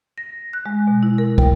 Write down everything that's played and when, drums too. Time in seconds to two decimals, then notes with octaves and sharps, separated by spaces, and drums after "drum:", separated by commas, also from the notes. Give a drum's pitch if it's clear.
0.18 A#6
0.53 F#6
0.66 G#3
0.87 B2
1.03 E4
1.18 A#4
1.38 G5, drum: kick